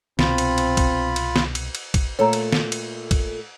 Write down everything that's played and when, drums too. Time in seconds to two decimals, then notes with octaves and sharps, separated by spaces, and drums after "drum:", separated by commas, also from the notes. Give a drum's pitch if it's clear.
0.19 C2 B2 C4 F4 B5, drum: snare
0.38 drum: cymbal
0.58 drum: cymbal
0.77 drum: kick, cymbal
1.16 drum: cymbal
1.36 drum: snare
1.55 drum: cymbal
1.75 drum: cymbal
1.94 drum: kick, cymbal
2.19 A#2 A3 A4 C#5 A#5
2.33 drum: cymbal
2.52 drum: snare
2.72 drum: cymbal
3.11 drum: kick, cymbal